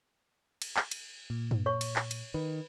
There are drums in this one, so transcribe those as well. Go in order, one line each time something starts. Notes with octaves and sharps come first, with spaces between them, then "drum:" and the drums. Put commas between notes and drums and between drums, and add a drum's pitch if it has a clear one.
drum: cymbal
drum: clap
drum: cymbal
A#2
drum: tom
C#5 C#6
drum: cymbal
drum: clap
drum: cymbal
D#3 B4